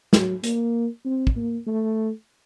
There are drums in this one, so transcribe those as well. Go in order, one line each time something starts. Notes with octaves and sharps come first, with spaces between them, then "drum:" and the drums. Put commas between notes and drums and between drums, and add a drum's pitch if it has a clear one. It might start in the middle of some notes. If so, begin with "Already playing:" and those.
F#3, drum: snare
A#3, drum: hi-hat
C4
drum: kick
A#3
A3